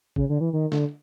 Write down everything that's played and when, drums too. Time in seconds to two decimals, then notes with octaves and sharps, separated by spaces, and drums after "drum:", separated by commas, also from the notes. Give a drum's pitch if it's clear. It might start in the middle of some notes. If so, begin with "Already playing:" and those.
0.16 C#3, drum: kick
0.29 D3
0.41 E3
0.53 D#3
0.72 D3, drum: snare